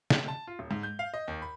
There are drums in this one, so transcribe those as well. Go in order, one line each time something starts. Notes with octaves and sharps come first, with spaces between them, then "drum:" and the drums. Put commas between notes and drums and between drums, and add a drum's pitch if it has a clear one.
C3, drum: snare
A5
F4
D#1
G#2
G6
F5
D#5
D#2
B5